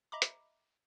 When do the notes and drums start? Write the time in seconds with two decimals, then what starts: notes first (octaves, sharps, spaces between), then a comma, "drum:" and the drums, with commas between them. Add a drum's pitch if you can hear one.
0.12 D#5 E5 A#5 B5 D6
0.22 drum: hi-hat